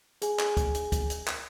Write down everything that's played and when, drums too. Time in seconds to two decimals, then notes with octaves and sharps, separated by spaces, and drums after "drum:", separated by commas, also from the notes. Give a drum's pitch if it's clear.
0.22 G#4 G#5, drum: hi-hat
0.39 drum: clap
0.57 drum: kick, hi-hat
0.75 drum: hi-hat
0.92 drum: kick, hi-hat
1.10 drum: hi-hat
1.27 drum: clap